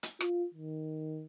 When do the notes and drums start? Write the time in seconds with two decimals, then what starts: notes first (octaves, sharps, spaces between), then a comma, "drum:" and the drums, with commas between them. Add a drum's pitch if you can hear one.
0.03 drum: hi-hat
0.20 F4, drum: rim click
0.54 D#3